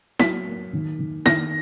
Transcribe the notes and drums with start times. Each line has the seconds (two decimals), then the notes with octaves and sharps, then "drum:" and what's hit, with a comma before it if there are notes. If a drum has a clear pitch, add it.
0.19 F#3 B6, drum: snare E4
0.46 A#3
0.73 D#3
0.99 D#3
1.26 D#3 A#6, drum: snare E4